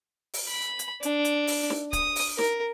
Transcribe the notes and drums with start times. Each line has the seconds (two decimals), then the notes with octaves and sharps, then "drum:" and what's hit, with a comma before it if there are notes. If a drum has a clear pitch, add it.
0.34 drum: open hi-hat
0.49 B5
0.79 drum: hi-hat
1.03 D4, drum: hi-hat
1.25 drum: hi-hat
1.47 drum: open hi-hat
1.70 drum: snare
1.93 D#6, drum: kick C#1, hi-hat
2.16 drum: open hi-hat
2.38 A#4, drum: snare